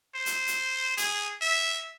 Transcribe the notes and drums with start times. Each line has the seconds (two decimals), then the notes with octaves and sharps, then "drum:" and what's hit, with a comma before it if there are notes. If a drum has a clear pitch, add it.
0.15 C5
0.26 drum: hi-hat
0.47 drum: hi-hat
0.97 G#4, drum: hi-hat
1.41 E5